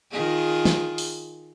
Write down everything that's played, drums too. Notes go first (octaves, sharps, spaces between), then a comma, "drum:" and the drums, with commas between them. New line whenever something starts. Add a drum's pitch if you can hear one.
D#3 F4 G#4
drum: snare
drum: open hi-hat